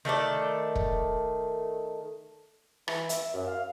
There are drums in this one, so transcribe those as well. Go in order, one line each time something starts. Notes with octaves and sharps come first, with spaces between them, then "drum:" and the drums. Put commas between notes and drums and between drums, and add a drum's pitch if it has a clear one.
D#3 A3 A4 D5
drum: kick E1
E3, drum: rim click
E5, drum: hi-hat
F#2
F5